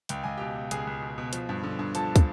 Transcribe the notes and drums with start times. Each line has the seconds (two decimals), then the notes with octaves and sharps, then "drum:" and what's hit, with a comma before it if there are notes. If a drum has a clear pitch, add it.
0.09 C#2 G5, drum: hi-hat
0.24 C#2 G#5
0.37 B2 G4 G5
0.56 B2
0.71 C#2 G#4 G#5, drum: hi-hat
0.87 C#2
1.02 B2
1.18 B2
1.33 F3, drum: hi-hat
1.49 G2
1.64 D3
1.79 G2
1.95 F3 A4 A5, drum: hi-hat
2.16 drum: kick, hi-hat